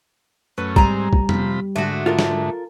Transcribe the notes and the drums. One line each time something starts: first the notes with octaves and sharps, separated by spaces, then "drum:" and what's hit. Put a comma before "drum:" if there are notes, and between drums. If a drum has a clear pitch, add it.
F#2 A3 C#4 B4
G#2 G3 C4 G#5 A#5, drum: kick
drum: kick
C3 F3 B5, drum: tom
G#2 D3 A3 F#4
G#2 D3 F4 A4 A#4
drum: snare